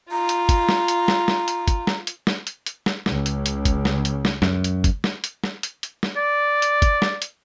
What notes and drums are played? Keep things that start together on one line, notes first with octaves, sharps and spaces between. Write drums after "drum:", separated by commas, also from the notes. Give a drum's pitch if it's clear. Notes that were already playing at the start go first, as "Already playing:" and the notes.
F4 A#5
drum: hi-hat
drum: kick, hi-hat
drum: snare
drum: hi-hat
drum: snare
drum: snare
drum: hi-hat
drum: kick, hi-hat
drum: snare
drum: hi-hat
drum: snare
drum: hi-hat
drum: hi-hat
drum: snare
C#2 C#3, drum: snare
drum: hi-hat
drum: hi-hat
drum: kick, hi-hat
drum: snare
drum: hi-hat
drum: snare
F#2, drum: snare
drum: hi-hat
drum: kick, hi-hat
drum: snare
drum: hi-hat
drum: snare
drum: hi-hat
drum: hi-hat
drum: snare
D5
drum: hi-hat
drum: kick, hi-hat
drum: snare
drum: hi-hat